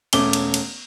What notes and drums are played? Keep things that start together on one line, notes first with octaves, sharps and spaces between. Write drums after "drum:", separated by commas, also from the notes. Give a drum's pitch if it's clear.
E1 A3 C#4 D6 G7, drum: cymbal
drum: cymbal
drum: cymbal